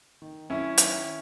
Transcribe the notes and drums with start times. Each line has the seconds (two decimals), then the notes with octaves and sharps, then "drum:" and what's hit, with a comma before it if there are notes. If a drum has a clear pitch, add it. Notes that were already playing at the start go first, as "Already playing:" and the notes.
0.22 D#3
0.50 F#2 C#4 E4
0.78 D#3, drum: hi-hat